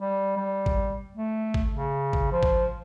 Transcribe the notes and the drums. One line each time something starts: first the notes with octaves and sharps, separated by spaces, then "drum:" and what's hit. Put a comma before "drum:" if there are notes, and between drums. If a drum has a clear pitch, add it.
G3
G3
drum: kick
A3
drum: kick
C#3
drum: kick
F3
drum: kick